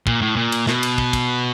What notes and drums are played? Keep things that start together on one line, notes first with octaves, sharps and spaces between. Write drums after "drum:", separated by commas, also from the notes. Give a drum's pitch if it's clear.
A#2, drum: kick
A2
A#2
drum: cymbal
B2, drum: snare
drum: cymbal
drum: kick
drum: kick, cymbal